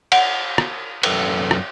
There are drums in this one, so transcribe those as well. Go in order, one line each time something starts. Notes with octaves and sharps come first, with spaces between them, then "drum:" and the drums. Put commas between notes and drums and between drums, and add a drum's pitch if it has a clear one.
F#5, drum: cymbal
drum: rim click
F#2 A4 B4, drum: cymbal
drum: rim click